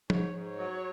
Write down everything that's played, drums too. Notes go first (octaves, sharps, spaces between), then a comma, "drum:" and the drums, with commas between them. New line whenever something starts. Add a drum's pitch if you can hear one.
G#2 C#5, drum: tom
G#2
C#5
F#3